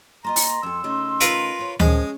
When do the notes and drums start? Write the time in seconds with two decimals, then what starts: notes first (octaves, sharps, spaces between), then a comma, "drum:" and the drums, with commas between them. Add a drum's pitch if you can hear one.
0.24 A#3 F4 D#5 A#5 C6
0.36 drum: open hi-hat
0.63 F2 A4 E6
0.84 C#3 A3 D#4
1.21 F4 A#4 B4, drum: hi-hat
1.59 C5 C#5
1.80 A#2 D#3 F3 G#3 C#4, drum: tom D2